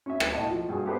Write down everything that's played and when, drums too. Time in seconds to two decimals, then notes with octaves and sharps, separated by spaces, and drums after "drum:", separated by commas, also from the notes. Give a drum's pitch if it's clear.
0.06 C#4 E5
0.20 A#3 B4, drum: rim click
0.33 A2 D#5 A5
0.50 F3
0.69 G2 F#4 G#4
0.86 B3 G4 A4 B4 C5